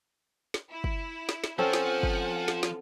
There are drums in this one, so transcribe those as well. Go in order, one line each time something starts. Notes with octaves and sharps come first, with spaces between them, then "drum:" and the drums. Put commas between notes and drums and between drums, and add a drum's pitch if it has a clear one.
drum: snare
E4
drum: kick
drum: snare
drum: snare
F3 C4 C#4 A4 F#5 G#5
drum: snare
drum: kick
drum: snare
drum: snare